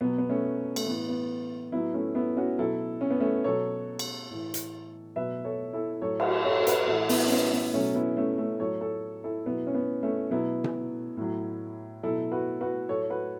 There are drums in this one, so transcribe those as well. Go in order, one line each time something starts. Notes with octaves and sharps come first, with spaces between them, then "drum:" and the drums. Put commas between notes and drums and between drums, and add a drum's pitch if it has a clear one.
B2 F#3 B3
B3
A3 C#4
A3, drum: cymbal
A2 E3 B3
B3
A2 F#3 B3 E4
A3 C#4
B3 E4
C#4 F#4
B2 F#3 E4 A4
C#4
B3
A3 C#4
B2 F#3 A4 C#5
drum: cymbal
A2 E3
drum: hi-hat
B2 F#3 B4 E5
A4 C#5
E4 A4
A2 F#3 A4 C#5
drum: cymbal
A4 C#5
A4
F#4 B4, drum: hi-hat
A2 E3 E4 A4
B3 E4, drum: open hi-hat
C#4
B3
B3
B2 F#3 A3 C#4
B3 E4
A3 C#4
A3 C#4
A2 F#3 A4 C#5
A4 C#5
E4 A4
B2 F#3 B3 E4
C#4
B3
A3 C#4
B2 F#3 B3 E4
drum: tom B2
A2 F#3
B2 F#3 E4 A4
F#4 B4
F#4 B4
A2 F#3 A4 C#5
C#5
F#4 B4